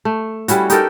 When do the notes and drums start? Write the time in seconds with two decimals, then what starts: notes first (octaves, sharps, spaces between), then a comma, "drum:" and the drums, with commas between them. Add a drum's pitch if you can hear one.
0.05 A3
0.48 G3 C#4 E4 F#4, drum: hi-hat
0.70 D#4 G4 A4 A#4, drum: hi-hat